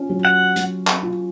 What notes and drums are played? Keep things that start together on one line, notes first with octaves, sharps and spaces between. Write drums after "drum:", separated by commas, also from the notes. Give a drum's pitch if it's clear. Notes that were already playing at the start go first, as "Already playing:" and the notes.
Already playing: C#4 F4
F#3
F#5
F#3, drum: hi-hat
drum: clap
F4